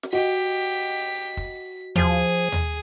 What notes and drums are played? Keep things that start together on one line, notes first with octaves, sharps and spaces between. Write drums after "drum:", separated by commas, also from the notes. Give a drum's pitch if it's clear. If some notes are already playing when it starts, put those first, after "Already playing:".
drum: snare
F#4 G4 D#5 B6
drum: kick
F3 G#4, drum: tom D#2
drum: tom D#2